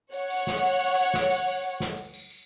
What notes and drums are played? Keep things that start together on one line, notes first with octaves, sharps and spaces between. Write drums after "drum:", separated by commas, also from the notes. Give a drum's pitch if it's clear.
C#5 F#5, drum: tambourine
drum: tambourine
drum: snare
drum: tambourine
drum: tambourine
drum: tambourine
drum: snare
drum: tambourine
drum: tambourine
drum: tambourine
drum: snare
drum: tambourine
drum: tambourine
drum: tambourine